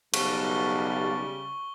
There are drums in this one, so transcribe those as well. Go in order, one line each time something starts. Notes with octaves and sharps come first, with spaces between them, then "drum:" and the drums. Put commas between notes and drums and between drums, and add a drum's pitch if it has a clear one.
B1 C#3 G3 F5 F#5 A5 C#6 G7, drum: cymbal